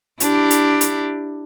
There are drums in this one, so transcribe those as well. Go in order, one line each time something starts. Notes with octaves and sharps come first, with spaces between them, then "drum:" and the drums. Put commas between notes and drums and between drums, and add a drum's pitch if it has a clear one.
D4 E4 G4, drum: hi-hat
drum: hi-hat
drum: hi-hat